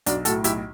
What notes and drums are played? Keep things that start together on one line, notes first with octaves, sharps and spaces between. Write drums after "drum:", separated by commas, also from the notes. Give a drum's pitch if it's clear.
B1 D4 F#4, drum: hi-hat
A2 F#4 A4, drum: hi-hat
B1 E4 G4, drum: hi-hat